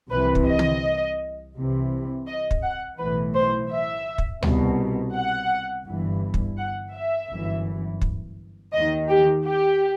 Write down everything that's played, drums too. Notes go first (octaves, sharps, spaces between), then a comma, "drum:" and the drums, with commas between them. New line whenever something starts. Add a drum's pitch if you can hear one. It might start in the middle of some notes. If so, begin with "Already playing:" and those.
C2 C3 E3 B4
drum: kick
D#5
drum: tom
C2 C3 E3
D#5
drum: kick
F#5
B1 A2 E3 B4
C5
E5
drum: kick
C2 B2, drum: tom D2
F#5
G1 G2 E3
drum: kick
F#5
E5
G1 F#2 E3
drum: kick
D#2 D#3 D#5
G4
G4